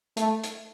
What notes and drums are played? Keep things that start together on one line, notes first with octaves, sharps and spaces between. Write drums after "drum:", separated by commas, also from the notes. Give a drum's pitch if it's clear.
A3, drum: hi-hat
drum: hi-hat